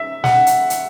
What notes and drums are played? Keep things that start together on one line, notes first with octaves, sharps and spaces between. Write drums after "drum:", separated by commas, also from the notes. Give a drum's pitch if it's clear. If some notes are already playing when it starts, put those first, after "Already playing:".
Already playing: E5
F#5, drum: snare
drum: hi-hat
drum: hi-hat